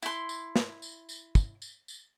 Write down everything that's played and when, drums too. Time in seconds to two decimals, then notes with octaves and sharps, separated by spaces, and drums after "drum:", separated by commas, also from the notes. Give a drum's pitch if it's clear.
0.02 E4 C6, drum: tambourine
0.29 drum: tambourine
0.56 drum: snare
0.82 drum: tambourine
1.09 drum: tambourine
1.35 drum: kick, tambourine
1.62 drum: tambourine
1.88 drum: tambourine